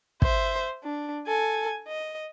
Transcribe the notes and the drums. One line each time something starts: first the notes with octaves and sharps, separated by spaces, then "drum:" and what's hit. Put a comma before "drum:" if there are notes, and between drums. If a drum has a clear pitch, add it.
C5 E5, drum: kick
D4
A4 G#5
D#5